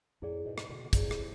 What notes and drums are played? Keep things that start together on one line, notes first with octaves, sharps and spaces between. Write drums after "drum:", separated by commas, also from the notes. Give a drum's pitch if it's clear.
F2 A2 E4 G#4 D5
G#2 B2
drum: rim click
B2 D3
D3
A2 C3 E4 G#4 D5, drum: kick, hi-hat
drum: rim click